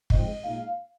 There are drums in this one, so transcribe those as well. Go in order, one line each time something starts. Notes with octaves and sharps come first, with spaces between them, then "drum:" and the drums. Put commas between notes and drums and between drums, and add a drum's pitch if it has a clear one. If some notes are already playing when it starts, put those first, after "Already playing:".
G#2 F3 C4 D#5, drum: kick
A#2 G#3 D#4 F5